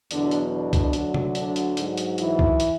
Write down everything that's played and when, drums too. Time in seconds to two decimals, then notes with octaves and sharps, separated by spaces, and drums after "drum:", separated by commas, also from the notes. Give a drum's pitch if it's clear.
0.11 E2 B2 D3 F#3 D4, drum: hi-hat
0.31 drum: hi-hat
0.52 D3 D4
0.73 drum: kick C2, hi-hat
0.93 D2 D3 F#3, drum: hi-hat
1.14 drum: tom C3
1.35 D3 D4, drum: hi-hat
1.56 drum: hi-hat
1.77 G#2 F#3, drum: hi-hat
1.97 drum: hi-hat
2.18 E3 E4, drum: hi-hat
2.39 drum: kick C2
2.60 drum: hi-hat